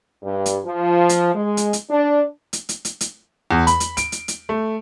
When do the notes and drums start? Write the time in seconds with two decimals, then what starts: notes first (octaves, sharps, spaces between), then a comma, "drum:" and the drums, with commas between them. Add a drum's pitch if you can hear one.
0.24 G2
0.46 drum: hi-hat
0.64 F3
1.09 drum: hi-hat
1.33 G#3
1.57 drum: hi-hat
1.73 drum: hi-hat
1.89 D4
2.53 drum: hi-hat
2.69 drum: hi-hat
2.85 drum: hi-hat
3.01 drum: hi-hat
3.51 E2
3.67 B5, drum: hi-hat
3.80 drum: hi-hat
3.97 D7, drum: hi-hat
4.12 drum: hi-hat
4.28 drum: hi-hat
4.49 A3